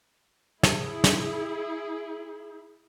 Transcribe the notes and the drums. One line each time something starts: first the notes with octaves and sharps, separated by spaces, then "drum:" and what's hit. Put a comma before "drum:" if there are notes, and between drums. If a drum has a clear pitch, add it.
E4 G#4, drum: snare
drum: snare